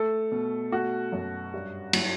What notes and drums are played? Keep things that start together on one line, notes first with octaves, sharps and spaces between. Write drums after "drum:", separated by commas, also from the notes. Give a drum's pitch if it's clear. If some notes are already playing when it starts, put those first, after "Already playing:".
Already playing: A3 A4
B2
A3 F#4
F#2
G2
F#3, drum: cymbal